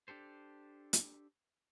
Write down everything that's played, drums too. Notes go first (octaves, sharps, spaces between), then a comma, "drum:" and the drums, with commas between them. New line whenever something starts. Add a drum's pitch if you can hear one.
D4 G4 A4 C5
drum: hi-hat